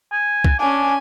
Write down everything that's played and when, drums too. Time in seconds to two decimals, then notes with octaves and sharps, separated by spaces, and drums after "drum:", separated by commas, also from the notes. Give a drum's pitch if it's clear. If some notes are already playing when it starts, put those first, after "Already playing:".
0.12 G#5
0.45 drum: kick
0.59 C#4 D4 G#5